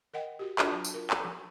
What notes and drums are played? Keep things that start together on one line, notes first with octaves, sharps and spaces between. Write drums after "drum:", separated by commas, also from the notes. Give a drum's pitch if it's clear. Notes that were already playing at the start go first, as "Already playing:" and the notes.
A#4 D#5 F#5 G5
F#4 G4
D4 F4 F#4 A4 D5, drum: clap
F#3 A5
drum: tambourine
F4 A#4
drum: clap
F3